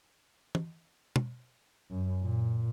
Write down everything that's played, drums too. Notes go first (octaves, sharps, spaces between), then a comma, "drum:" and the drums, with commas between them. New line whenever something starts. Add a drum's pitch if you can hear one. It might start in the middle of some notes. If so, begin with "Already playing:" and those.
drum: tom
drum: tom
F#2
A#2